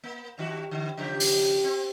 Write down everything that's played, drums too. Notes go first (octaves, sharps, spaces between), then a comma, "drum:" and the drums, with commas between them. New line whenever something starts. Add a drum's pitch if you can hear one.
A#3
G2 D#3 F#4
D3
C#3 F3 G4
drum: open hi-hat
C4